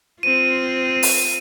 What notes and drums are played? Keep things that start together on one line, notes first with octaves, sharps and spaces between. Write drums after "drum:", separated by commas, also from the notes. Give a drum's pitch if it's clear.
C4 F4 D#7
drum: open hi-hat